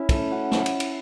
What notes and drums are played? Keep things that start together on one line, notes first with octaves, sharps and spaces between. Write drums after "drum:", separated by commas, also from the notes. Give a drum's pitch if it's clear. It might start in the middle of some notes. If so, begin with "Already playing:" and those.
Already playing: C#4 E4
A3, drum: kick, cymbal
C#4 F#4
drum: snare
drum: cymbal
drum: cymbal